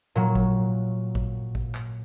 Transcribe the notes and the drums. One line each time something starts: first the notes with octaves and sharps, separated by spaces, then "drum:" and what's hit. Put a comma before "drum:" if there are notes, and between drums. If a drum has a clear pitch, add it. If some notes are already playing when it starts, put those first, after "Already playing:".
A#2 F#3
drum: kick A1
drum: kick A1
drum: kick A1
drum: clap